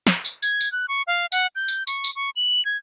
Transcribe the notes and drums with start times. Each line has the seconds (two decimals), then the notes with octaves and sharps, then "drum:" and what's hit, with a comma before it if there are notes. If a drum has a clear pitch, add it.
0.07 drum: snare
0.25 drum: tambourine
0.43 G#6, drum: tambourine
0.60 drum: tambourine
0.72 F#6
0.88 C#6
1.07 F5
1.32 F#5, drum: tambourine
1.56 G6
1.68 drum: tambourine
1.87 C#6, drum: tambourine
2.04 drum: tambourine
2.16 C#6
2.36 F#7
2.65 G#6